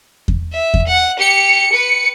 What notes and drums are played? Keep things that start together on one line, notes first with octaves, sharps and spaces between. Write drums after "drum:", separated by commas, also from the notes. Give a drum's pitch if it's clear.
drum: kick E2
E5
drum: kick E2
F#5
G4 C#7
B4